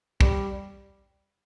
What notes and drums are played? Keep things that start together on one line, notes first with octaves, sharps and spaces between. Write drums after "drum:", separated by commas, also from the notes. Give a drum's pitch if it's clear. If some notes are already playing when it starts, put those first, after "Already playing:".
G3, drum: kick